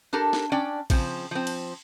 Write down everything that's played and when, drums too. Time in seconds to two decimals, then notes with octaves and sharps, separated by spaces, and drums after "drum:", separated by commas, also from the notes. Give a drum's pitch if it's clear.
0.13 D4 G4 A4 A#4
0.33 drum: snare
0.52 C#4 D4 D5 G5
0.90 C#3 F3 C4, drum: kick, cymbal
1.31 F3 C4
1.47 drum: cymbal